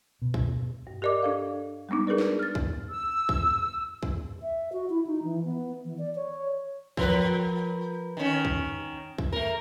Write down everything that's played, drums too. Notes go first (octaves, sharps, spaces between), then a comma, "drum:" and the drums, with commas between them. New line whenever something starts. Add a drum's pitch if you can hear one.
B2
drum: kick
G2
G4 A#4 D5 D#5 D6
D4 A4 F5
G3 G#3 B3 D4 D#4
D4 G#4 A#4 B4 D5
drum: snare
F6 A6
drum: kick
E6
drum: kick
drum: kick
E5
F#4
E4
D#4
E3
B3
E3
D5
C#5
F3 A#4 B4, drum: kick
D#3 C#4
drum: kick
drum: kick
A3 A#4